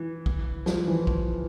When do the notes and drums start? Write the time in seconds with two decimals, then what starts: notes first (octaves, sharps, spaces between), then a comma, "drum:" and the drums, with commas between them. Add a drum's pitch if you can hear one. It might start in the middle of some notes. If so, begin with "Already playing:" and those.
Already playing: E3
0.26 drum: kick
0.66 F3, drum: snare
0.88 E3
1.07 drum: kick